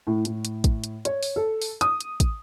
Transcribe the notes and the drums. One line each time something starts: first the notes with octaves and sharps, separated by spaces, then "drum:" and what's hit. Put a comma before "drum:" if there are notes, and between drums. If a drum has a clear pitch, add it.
A2
A2, drum: hi-hat
drum: hi-hat
drum: kick, hi-hat
drum: hi-hat
C#5, drum: hi-hat
drum: open hi-hat
A4
drum: open hi-hat
D#6, drum: hi-hat
drum: hi-hat
drum: kick, hi-hat